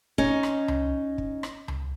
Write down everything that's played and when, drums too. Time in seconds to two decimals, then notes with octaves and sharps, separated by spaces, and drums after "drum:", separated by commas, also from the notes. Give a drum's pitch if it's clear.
0.18 C#4 D#4, drum: kick
0.43 drum: rim click
0.68 drum: tom C#2
1.18 drum: kick
1.43 drum: rim click
1.68 drum: tom C#2